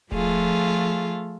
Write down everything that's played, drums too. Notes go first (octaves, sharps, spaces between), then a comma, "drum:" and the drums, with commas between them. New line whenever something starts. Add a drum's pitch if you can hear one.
F3 A3 F4 G#4, drum: kick D#1